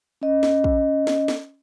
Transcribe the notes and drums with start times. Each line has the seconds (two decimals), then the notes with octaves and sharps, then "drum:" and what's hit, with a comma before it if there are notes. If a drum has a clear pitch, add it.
0.22 C#4 D#5
0.43 drum: snare
0.64 drum: kick
1.07 drum: snare
1.28 drum: snare